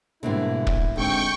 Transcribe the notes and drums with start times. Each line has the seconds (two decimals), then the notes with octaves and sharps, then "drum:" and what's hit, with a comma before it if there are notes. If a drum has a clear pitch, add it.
0.23 G#2 B2 D3 G3 A#3 D4 E4
0.67 drum: kick
0.96 D3 G#3 C4 D#4 G5 C#6